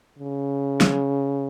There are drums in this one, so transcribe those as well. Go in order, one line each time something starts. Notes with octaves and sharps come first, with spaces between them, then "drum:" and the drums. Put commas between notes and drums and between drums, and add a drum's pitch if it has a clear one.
C#3
drum: snare